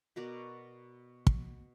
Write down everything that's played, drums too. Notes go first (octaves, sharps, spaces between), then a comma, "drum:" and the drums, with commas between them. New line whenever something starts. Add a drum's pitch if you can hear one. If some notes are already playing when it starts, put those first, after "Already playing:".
B2 F#4 A#4 D5
drum: kick